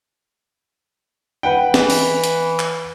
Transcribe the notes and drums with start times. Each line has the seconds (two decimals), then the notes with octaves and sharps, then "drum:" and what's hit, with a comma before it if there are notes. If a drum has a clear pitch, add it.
1.43 B4 F#5 G5
1.74 E3, drum: snare
1.90 drum: open hi-hat
2.24 drum: hi-hat
2.59 drum: clap